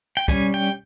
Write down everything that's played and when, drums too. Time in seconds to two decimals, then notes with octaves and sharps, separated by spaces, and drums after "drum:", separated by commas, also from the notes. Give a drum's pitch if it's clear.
0.17 G5
0.28 G3 C#4 G#5, drum: kick, hi-hat
0.54 G5